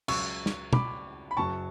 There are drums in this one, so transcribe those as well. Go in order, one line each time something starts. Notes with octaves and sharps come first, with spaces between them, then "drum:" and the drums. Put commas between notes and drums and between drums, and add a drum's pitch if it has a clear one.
C#2 C#3 F#3 C#6 E6, drum: cymbal
drum: snare
B5 D6, drum: tom
B5
F#1 F#2 C#3 F#3 A5 C#6